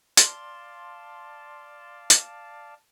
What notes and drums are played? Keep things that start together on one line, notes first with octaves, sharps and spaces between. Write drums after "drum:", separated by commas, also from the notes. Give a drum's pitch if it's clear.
D5 F5 A5 C6, drum: hi-hat
drum: hi-hat